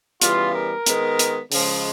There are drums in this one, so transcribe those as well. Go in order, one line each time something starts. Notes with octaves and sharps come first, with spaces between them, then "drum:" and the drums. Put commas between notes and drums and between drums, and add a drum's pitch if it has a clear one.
C#3 E3 G3 B3 F4, drum: hi-hat
A#4
D#3 G#3 B3, drum: hi-hat
drum: hi-hat
C#3 F3 G#3, drum: open hi-hat